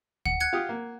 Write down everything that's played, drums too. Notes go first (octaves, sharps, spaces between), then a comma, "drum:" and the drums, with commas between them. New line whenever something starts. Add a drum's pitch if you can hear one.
F#5, drum: kick
F#6 G#6 C#7
F4 G4 D#6
A#3